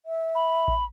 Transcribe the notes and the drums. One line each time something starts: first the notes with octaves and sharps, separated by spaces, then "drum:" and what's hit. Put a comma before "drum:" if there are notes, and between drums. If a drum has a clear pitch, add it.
E5
B5
drum: kick A1